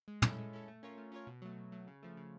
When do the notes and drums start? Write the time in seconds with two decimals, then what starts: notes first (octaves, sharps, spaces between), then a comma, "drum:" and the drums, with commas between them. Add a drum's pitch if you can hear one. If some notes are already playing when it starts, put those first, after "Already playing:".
0.08 G#3
0.22 C#4 E4 A4, drum: tom
0.38 G#3
0.53 C#4 E4 A4
0.68 A3
0.83 C#4 F4 A#4 C#5
0.97 A3
1.12 C#4 F4 A#4 C#5
1.27 B2
1.42 F#3 A3
1.57 B2
1.72 F#3 A3
1.87 C#3
2.02 F3 A3
2.17 C#3